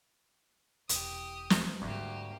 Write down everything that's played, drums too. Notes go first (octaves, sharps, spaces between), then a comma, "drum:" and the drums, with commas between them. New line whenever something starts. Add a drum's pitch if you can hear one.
E1 G4 D#6, drum: hi-hat
drum: snare
D2 G#2 G3 A#3 G4